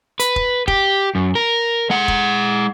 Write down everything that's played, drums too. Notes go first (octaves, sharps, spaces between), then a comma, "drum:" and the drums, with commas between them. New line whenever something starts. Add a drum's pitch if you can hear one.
B4, drum: hi-hat
drum: kick F1
G4, drum: kick F1
F#2
A#4
G#3 F#5
drum: kick F1